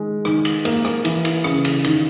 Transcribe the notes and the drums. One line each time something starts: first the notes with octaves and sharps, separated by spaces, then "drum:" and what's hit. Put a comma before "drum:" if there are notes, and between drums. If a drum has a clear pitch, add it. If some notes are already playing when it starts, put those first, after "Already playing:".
Already playing: D#3 G#3
D#3, drum: rim click
drum: cymbal
A#3, drum: cymbal
drum: rim click
E3, drum: cymbal
drum: cymbal
C#3, drum: rim click
drum: cymbal
D#3, drum: cymbal